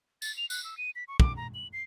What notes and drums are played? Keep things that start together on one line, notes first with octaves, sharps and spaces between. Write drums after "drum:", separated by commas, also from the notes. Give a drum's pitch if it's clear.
A6, drum: tambourine
F7
F#6, drum: tambourine
E6
D#7
B6
C#6
D6, drum: kick
A#5
F#7
C7